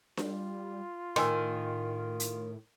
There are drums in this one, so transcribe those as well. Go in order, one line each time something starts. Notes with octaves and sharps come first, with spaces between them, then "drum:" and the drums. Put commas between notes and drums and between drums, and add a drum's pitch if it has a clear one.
G3 F4, drum: snare D4
A2 D#3 A#4 G#5 C6, drum: rim click
drum: hi-hat